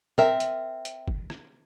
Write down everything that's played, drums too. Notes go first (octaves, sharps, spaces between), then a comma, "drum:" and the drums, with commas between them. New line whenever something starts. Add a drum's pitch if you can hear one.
C4 A#4 E5, drum: tom
drum: hi-hat
drum: hi-hat
drum: kick
drum: rim click